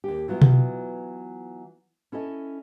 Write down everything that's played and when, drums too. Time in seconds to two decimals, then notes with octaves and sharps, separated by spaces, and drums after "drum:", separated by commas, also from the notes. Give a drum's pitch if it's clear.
0.04 D#2 G4
0.28 E3 F#3 B3 F4
0.42 drum: tom B2
2.12 C#4 E4 A4 D#5